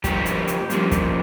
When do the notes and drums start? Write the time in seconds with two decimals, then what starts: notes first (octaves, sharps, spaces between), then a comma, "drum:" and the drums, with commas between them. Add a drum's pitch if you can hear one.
0.04 G2 F3 A#3 G4, drum: kick, hi-hat
0.26 drum: hi-hat
0.47 drum: hi-hat
0.70 G2 F3 A#3, drum: hi-hat
0.91 drum: kick, hi-hat